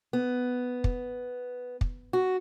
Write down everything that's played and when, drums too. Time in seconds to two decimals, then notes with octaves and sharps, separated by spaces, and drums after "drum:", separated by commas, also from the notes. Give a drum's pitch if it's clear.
0.13 B3
0.84 drum: kick
1.81 drum: kick
2.13 F#4